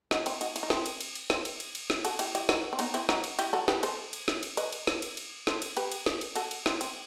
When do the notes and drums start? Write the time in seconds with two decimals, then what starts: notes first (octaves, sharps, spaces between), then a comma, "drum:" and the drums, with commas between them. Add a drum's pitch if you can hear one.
0.11 D#4 F#4, drum: snare
0.26 C4 E4, drum: cymbal
0.41 D#4 F#4, drum: cymbal
0.56 E4, drum: cymbal
0.63 D#4
0.70 C4 E4, drum: snare
0.86 drum: cymbal
1.01 drum: cymbal
1.15 drum: cymbal
1.30 C4 E4, drum: snare
1.45 drum: cymbal
1.60 drum: cymbal
1.75 drum: cymbal
1.90 drum: snare
2.05 F#4 A4, drum: cymbal
2.19 E4 G4, drum: cymbal
2.35 E4 G4, drum: cymbal
2.49 D#4 F#4, drum: snare
2.73 C4
2.79 B3 D#4, drum: cymbal
2.94 C4 E4, drum: cymbal
3.09 D#4 F#4, drum: snare
3.24 drum: cymbal
3.39 E4 G4, drum: cymbal
3.53 F#4 A4
3.68 G4 B4, drum: snare
3.83 A4 C5, drum: cymbal
4.13 drum: cymbal
4.28 drum: snare
4.43 drum: cymbal
4.57 B4 D#5, drum: cymbal
4.73 drum: cymbal
4.87 drum: snare
5.02 drum: cymbal
5.17 drum: cymbal
5.47 A4 C5, drum: snare
5.62 drum: cymbal
5.77 G4 B4, drum: cymbal
5.92 drum: cymbal
6.06 drum: snare
6.21 drum: cymbal
6.36 F#4 A4, drum: cymbal
6.51 drum: cymbal
6.66 C4 E4, drum: snare
6.81 C4, drum: cymbal